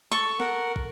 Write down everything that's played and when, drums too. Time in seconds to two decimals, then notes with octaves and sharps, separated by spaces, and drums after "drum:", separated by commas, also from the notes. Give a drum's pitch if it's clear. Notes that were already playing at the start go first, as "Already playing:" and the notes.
0.11 A4 C#6
0.40 A#4 F#5, drum: snare
0.76 drum: kick